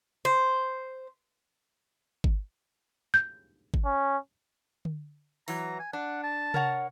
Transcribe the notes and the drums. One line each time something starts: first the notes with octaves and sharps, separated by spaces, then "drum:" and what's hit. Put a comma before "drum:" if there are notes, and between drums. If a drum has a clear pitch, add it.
C5
drum: kick G1
G6
drum: kick G1
C#4
drum: tom D3
E3 F#3 A#5, drum: open hi-hat
G#5
D4 F#5
A5
A#4 C#5 F#5, drum: tom C3